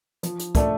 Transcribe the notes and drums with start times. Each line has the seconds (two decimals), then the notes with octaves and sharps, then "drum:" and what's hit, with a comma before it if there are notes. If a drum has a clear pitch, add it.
0.23 F3, drum: hi-hat
0.39 drum: hi-hat
0.55 A3 D4 A4 D5, drum: kick, hi-hat